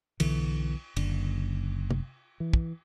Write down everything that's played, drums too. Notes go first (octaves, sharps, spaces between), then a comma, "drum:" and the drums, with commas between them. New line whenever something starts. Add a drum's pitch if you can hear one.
B1 D3 E3, drum: cymbal
F#1 D3, drum: cymbal
drum: tom
E3
drum: kick